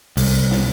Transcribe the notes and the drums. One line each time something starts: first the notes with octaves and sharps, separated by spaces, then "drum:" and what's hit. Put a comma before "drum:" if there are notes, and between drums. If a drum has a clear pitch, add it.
C2, drum: open hi-hat
drum: snare